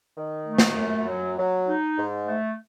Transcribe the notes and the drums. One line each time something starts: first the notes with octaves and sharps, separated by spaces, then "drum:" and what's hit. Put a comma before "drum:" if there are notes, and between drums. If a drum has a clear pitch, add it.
D#3
A3
drum: snare
F#2
F#3
F#3
D#4
G#2
A3